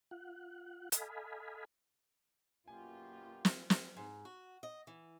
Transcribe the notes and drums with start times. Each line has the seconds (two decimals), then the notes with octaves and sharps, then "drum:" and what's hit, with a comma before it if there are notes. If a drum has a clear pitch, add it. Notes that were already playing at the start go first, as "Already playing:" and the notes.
0.11 F4 F#5
0.92 A4 D#5 F5 G#5 B5, drum: hi-hat
2.68 F#2 B2 A#3 F4 G4 G#5
3.45 drum: snare
3.70 drum: snare
3.97 G#2
4.25 F#4
4.63 D#5
4.87 E3